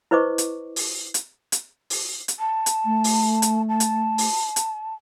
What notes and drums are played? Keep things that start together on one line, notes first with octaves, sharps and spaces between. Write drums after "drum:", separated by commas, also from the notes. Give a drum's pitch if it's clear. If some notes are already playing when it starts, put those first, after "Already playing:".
E4 B4 C5 D#5 C#6 D6
drum: hi-hat
drum: open hi-hat
drum: hi-hat
drum: hi-hat
drum: open hi-hat
drum: hi-hat
A5
drum: hi-hat
A3
drum: open hi-hat
drum: hi-hat
A5
drum: hi-hat
drum: open hi-hat
drum: hi-hat